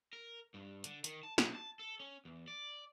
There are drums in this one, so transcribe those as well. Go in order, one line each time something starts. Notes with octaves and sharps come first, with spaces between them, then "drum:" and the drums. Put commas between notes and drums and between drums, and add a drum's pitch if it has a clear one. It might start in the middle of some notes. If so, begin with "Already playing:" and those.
A#4
G2
D3, drum: hi-hat
D#3, drum: hi-hat
A5
B1, drum: snare
A5
A4
C#4
E2
D5